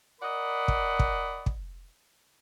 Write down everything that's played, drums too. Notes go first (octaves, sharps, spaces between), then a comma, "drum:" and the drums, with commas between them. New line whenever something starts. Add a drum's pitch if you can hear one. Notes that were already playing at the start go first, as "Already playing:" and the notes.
A#4 D5 D#5 F#5 B5
drum: kick
drum: kick
drum: kick